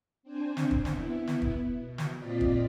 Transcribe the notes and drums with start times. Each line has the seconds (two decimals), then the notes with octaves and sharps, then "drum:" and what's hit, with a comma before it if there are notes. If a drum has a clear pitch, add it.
0.23 C4 D4 C5 G#5
0.57 drum: snare
0.71 drum: kick
0.85 B3 E4, drum: snare
1.27 drum: snare
1.42 drum: kick
1.78 B2
1.98 drum: snare
2.18 A#2 C4 F4 D5 D#5 B6
2.41 drum: kick